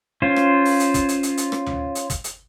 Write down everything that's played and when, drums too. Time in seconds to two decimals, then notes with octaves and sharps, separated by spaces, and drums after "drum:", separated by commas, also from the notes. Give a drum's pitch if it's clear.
0.22 C#4 F4 C5
0.36 drum: rim click
0.65 drum: open hi-hat
0.80 drum: hi-hat
0.94 drum: kick, hi-hat
1.09 drum: hi-hat
1.23 drum: hi-hat
1.37 drum: hi-hat
1.52 drum: rim click
1.66 drum: tom D2
1.95 drum: hi-hat
2.10 drum: kick, hi-hat
2.24 drum: hi-hat